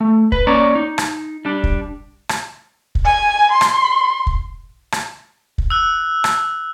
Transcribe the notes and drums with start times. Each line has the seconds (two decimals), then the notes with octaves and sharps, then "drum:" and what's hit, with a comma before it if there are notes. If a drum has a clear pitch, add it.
0.01 A3
0.32 B4, drum: kick
0.47 A#3 C#4 C#5 D5 A#5
0.75 D#4
0.98 drum: rim click
1.45 G3 D4
1.64 drum: kick
2.29 drum: rim click
2.95 drum: kick
3.05 G#5
3.52 C6
3.61 drum: rim click
4.27 drum: kick
4.92 drum: rim click
5.58 drum: kick
5.70 E6 F#6
6.24 drum: rim click